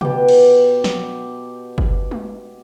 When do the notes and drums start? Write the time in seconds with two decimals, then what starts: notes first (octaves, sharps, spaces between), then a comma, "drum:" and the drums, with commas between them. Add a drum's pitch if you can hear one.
0.01 B2 G4, drum: tom C3
0.29 drum: cymbal
0.84 drum: snare
1.78 drum: kick
2.11 drum: tom G#3